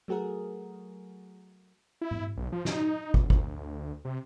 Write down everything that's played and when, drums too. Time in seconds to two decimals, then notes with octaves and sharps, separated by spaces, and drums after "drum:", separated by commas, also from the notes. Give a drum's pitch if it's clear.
0.08 F#3 A3 F#4 G#4 A#4
2.01 E4
2.11 drum: tom G#2
2.37 B1
2.52 F3
2.65 D#4, drum: snare
3.14 E1, drum: kick
3.30 D2, drum: kick
4.05 C3